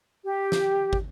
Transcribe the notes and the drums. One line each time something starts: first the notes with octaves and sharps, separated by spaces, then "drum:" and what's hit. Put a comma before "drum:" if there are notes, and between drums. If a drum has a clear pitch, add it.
G4
drum: snare
drum: kick